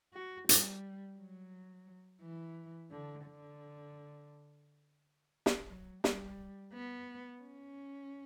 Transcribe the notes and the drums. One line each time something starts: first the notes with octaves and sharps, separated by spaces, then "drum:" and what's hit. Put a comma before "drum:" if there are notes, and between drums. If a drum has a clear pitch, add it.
F#4
G3, drum: hi-hat
F#3
E3
D3
D3
drum: snare
F#3
G3, drum: snare
B3
C#4